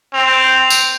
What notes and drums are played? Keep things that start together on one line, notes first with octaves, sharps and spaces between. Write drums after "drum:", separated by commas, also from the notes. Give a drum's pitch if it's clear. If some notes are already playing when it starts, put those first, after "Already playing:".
C4 F7
G6
F7
G6, drum: tambourine